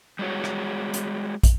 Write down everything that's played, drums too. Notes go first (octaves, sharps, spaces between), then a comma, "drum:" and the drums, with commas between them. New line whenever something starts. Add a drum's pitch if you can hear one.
G3 G#3 F#4 C#5
drum: rim click
drum: hi-hat
drum: kick, hi-hat